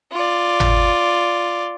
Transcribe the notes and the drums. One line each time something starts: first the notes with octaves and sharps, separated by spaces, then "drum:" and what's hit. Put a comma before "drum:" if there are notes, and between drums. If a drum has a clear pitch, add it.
F4 D5
drum: tom G#1